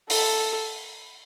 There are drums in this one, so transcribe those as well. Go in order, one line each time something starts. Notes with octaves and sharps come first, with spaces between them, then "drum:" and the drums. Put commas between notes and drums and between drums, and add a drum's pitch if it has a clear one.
A4, drum: open hi-hat